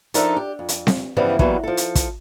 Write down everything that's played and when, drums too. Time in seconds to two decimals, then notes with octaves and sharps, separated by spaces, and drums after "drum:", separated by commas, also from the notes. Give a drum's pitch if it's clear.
0.14 F3 D4 D#4 A4 A#4 E5, drum: hi-hat
0.36 G4
0.59 F2
0.69 drum: hi-hat
0.87 drum: snare C4
1.16 G2 C#3 E3 F3 G3 B3
1.39 E3 F#3 G3 A#3 B3, drum: kick
1.63 F3 A4
1.77 drum: hi-hat
1.95 drum: kick, hi-hat